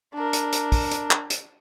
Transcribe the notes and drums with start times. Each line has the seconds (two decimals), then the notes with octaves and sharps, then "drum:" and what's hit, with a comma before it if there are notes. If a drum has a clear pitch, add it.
0.14 D4 A#4
0.33 drum: hi-hat
0.53 drum: hi-hat
0.72 drum: kick, open hi-hat
0.91 drum: hi-hat
1.11 drum: clap
1.30 drum: hi-hat